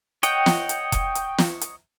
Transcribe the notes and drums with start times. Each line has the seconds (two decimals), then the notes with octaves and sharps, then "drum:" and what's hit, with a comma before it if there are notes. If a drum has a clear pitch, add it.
0.23 C#5 D#5 F#5 G5, drum: hi-hat
0.46 drum: snare
0.69 drum: hi-hat
0.92 drum: kick F1, hi-hat
1.15 drum: hi-hat
1.38 drum: snare
1.61 drum: hi-hat